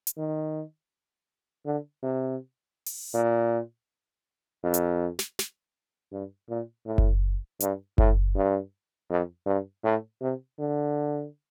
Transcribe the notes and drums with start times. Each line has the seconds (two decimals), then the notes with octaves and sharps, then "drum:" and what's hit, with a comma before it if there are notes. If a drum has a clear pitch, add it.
0.07 drum: hi-hat
0.17 D#3
1.65 D3
2.03 C3
2.86 drum: open hi-hat
3.14 A#2
4.63 F2
4.74 drum: hi-hat
5.19 drum: snare
5.39 drum: snare
6.12 G2
6.49 A#2
6.86 A2
6.98 drum: kick F#1
7.60 G2, drum: hi-hat
7.98 A2, drum: kick F#1
8.35 G2
9.09 F2
9.46 G2
9.84 A2
10.21 C3
10.59 D3